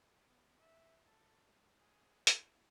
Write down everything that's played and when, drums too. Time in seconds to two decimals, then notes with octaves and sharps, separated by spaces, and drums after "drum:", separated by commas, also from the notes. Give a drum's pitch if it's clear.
0.25 B3
0.58 E5
1.03 A4
1.48 G#3
1.78 G#4
2.27 E4, drum: hi-hat